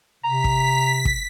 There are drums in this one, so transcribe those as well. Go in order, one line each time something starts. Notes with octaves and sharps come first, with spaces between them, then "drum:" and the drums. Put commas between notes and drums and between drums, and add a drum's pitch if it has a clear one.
C3 A#5 B6
drum: kick
drum: kick